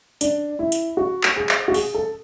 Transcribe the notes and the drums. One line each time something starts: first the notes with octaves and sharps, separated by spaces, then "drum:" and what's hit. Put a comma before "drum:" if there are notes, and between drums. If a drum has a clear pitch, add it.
D4, drum: hi-hat
E4
drum: hi-hat
F#4
drum: clap
G#4
drum: clap
F#4
G#4, drum: open hi-hat
A4